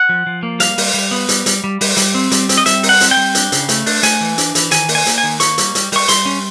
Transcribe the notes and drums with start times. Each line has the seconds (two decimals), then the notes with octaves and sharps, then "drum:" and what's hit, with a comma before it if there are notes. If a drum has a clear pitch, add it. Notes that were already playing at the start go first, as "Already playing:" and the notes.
Already playing: F#5
0.09 F3
0.26 F3
0.43 A#3
0.60 G3 F5, drum: hi-hat
0.78 G3, drum: open hi-hat
0.94 G3
1.11 B3
1.29 G3, drum: hi-hat
1.46 G3, drum: hi-hat
1.64 G3
1.81 G3, drum: open hi-hat
1.97 G3, drum: hi-hat
2.14 C4
2.31 G3, drum: hi-hat
2.49 C4, drum: hi-hat
2.58 D#5
2.66 G3 E5, drum: hi-hat
2.83 D#4, drum: open hi-hat
2.89 F#5
3.01 C4, drum: hi-hat
3.11 G5
3.17 G3
3.35 D4, drum: hi-hat
3.52 C#3, drum: hi-hat
3.69 A3, drum: hi-hat
3.86 D4, drum: open hi-hat
4.03 A3 G#5, drum: hi-hat
4.21 E3
4.38 D4, drum: hi-hat
4.55 E3, drum: hi-hat
4.71 D#3 G#5, drum: hi-hat
4.88 A#3, drum: open hi-hat
4.95 G#5
5.06 A#3, drum: hi-hat
5.18 G#5
5.23 D#3
5.40 A#3 C#6, drum: hi-hat
5.58 G3, drum: hi-hat
5.75 G3, drum: hi-hat
5.92 G3 C#6, drum: open hi-hat
6.08 G3 C6, drum: hi-hat
6.26 C#4